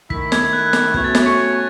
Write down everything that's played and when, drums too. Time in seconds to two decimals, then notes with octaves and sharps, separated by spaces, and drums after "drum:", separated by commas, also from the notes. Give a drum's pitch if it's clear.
0.10 D#3 A3 E4 B6, drum: kick
0.32 G#6, drum: snare
0.53 F#6
0.66 F#6
0.73 G#6, drum: snare
0.94 B2 A3 C#4 G#6, drum: kick
1.04 A6
1.15 A6, drum: snare
1.26 C#6 C#7